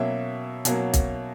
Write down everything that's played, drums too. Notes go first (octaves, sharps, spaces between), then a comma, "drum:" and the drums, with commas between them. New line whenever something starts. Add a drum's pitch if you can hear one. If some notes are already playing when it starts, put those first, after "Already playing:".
Already playing: B2 F#3 A#3 C#4 E5
B2 F#3 A#3 C#4, drum: hi-hat
drum: kick B1, hi-hat